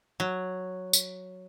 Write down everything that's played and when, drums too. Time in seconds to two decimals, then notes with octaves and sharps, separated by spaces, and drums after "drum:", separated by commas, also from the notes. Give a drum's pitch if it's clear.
0.20 F#3
0.93 drum: tambourine